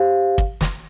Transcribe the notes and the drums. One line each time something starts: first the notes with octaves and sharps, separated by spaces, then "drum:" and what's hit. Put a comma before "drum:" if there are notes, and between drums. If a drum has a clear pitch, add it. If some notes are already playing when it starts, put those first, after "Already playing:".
Already playing: G4 C5 F5
drum: kick
drum: snare